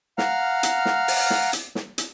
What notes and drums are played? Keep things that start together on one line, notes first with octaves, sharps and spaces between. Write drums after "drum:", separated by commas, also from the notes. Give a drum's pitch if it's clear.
F5 F#5 A#5 F6, drum: snare
drum: hi-hat
drum: snare
drum: open hi-hat
drum: snare
drum: hi-hat
drum: snare
drum: hi-hat